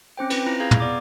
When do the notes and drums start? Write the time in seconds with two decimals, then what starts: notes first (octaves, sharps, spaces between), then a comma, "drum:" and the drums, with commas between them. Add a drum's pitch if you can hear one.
0.17 C4 C#4 C5 G5
0.30 C4 B4, drum: cymbal
0.46 E4 F4 A#5 A#6
0.60 G#4 F5 A#5 G6 G#6
0.71 drum: tom
0.80 B3 D5 D6